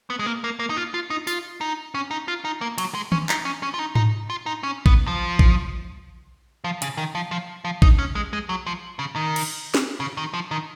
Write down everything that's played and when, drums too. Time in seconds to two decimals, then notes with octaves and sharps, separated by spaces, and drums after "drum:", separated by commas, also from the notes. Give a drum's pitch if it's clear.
0.10 B3
0.19 G#3
0.26 A#3
0.44 A#3
0.59 A#3
0.70 D#4
0.77 F4
0.94 F4
1.10 D#4
1.27 F4, drum: tambourine
1.61 D#4
1.95 C#4
2.11 D#4
2.28 F4
2.45 D#4
2.61 A#3
2.78 F#3, drum: cymbal
2.95 G#3
3.12 C#4, drum: tom
3.29 D#4, drum: clap
3.45 C#4
3.63 C#4
3.74 F4
3.79 D#4
3.95 D#4, drum: tom G#2
4.30 F4
4.46 D#4
4.63 C#4
4.86 B3, drum: kick A#1
5.07 F3
5.39 drum: kick A#1
6.64 F3
6.82 C#3, drum: hi-hat
6.97 D#3
7.15 F3
7.31 F3
7.65 F3
7.82 D#4, drum: kick A#1
7.99 C#4
8.15 G#3
8.33 G#3
8.49 F#3
8.66 F3
8.99 C#3
9.16 D#3
9.36 drum: cymbal
9.74 drum: snare
10.00 C#3
10.17 D#3
10.34 F3
10.51 D#3